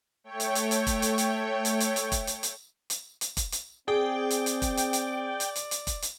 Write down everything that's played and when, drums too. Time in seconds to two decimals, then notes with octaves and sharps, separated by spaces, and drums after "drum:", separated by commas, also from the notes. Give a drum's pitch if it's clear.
0.24 A3 C#5 G5
0.40 drum: hi-hat
0.55 drum: hi-hat
0.71 drum: hi-hat
0.87 drum: kick F1, hi-hat
1.02 drum: hi-hat
1.18 drum: hi-hat
1.65 drum: hi-hat
1.80 drum: hi-hat
1.96 drum: hi-hat
2.12 drum: kick F1, hi-hat
2.27 drum: hi-hat
2.43 drum: hi-hat
2.90 drum: hi-hat
3.21 drum: hi-hat
3.37 drum: kick F1, hi-hat
3.52 drum: hi-hat
3.88 C4 G#4 D5 G5
4.30 drum: hi-hat
4.46 drum: hi-hat
4.62 drum: kick F1, hi-hat
4.77 drum: hi-hat
4.93 drum: hi-hat
5.40 drum: hi-hat
5.56 drum: hi-hat
5.71 drum: hi-hat
5.87 drum: kick F1, hi-hat
6.02 drum: hi-hat